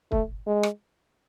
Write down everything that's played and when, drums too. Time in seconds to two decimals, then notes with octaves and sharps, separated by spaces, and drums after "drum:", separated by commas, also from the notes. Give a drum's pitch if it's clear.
0.12 A3, drum: kick
0.47 G#3
0.63 drum: rim click